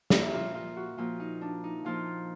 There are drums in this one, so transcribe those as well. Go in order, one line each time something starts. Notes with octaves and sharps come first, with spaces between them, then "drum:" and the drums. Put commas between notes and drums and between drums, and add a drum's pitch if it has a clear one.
A#2 F3 E4, drum: snare
F4
F4
F#4
A#2 F3 F4
D#4
D4
D#4
A#2 F3 F4